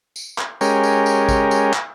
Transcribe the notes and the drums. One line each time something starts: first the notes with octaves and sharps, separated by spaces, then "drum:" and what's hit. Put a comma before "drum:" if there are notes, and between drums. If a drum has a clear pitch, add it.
drum: tambourine
drum: clap
G#3 C#4 G4 A#4, drum: tambourine
drum: tambourine
drum: tambourine
drum: kick A1, tambourine
drum: tambourine
drum: clap